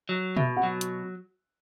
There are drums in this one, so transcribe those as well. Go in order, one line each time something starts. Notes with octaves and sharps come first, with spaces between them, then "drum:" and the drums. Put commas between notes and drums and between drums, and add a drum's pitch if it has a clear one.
F#3
B2 E5, drum: tom B2
F#5
F#3
drum: hi-hat